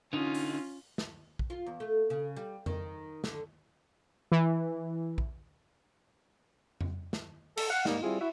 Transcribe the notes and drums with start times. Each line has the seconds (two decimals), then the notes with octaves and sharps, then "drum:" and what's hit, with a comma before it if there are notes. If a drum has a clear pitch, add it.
0.13 D3 C#4 D#4 F4
0.34 drum: open hi-hat
0.98 drum: snare
1.39 drum: kick A#1
1.50 F4
1.66 E2
1.80 A3
2.10 C#3
2.36 G3
2.66 D#3, drum: tom F2
3.24 D3, drum: snare
4.32 E3
5.18 drum: kick A#1
6.81 drum: tom F2
7.13 drum: snare
7.57 A4, drum: cymbal
7.70 F5 F#5
7.85 G#2 G3 A#3 D#4, drum: snare
8.02 G3 C4 E4 F4 G#4
8.19 E4 F#4 E5